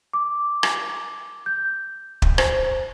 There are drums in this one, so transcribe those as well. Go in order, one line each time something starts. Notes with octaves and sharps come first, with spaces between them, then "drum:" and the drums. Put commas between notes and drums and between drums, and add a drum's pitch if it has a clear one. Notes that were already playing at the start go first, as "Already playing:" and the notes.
D6
drum: rim click
G6
drum: kick
C5, drum: rim click